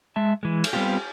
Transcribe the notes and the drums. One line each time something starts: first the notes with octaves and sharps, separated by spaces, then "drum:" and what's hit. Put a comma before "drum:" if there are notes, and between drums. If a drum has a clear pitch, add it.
G#3 E5 A5
E3 G#3
drum: cymbal
G3 B3 C4 F4 G4